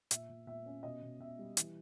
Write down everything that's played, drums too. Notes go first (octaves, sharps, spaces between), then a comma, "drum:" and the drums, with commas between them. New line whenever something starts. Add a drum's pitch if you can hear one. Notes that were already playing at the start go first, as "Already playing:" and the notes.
A#2 E5, drum: hi-hat
A#2
A#2 E5
C#4
B2 D#5
B2
B2 E5
G3
E3, drum: hi-hat